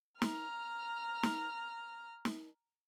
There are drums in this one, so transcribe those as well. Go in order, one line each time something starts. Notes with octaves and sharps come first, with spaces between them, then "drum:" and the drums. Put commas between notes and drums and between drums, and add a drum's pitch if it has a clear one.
A#5 F6, drum: snare
drum: snare
drum: snare